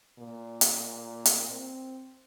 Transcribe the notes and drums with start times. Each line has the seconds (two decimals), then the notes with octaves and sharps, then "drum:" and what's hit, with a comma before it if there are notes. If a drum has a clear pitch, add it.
0.19 A#2
0.61 drum: hi-hat
1.25 drum: hi-hat
1.50 C4